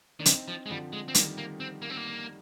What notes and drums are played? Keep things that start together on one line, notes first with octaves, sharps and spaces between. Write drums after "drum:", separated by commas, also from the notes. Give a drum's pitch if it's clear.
D#3 D4
D3 C4 D#4, drum: hi-hat
F3
G#3
D3 F3 G3
G#3
C4
D#3 G3 A#3, drum: hi-hat
A#3
C4
A#3
C4
A#3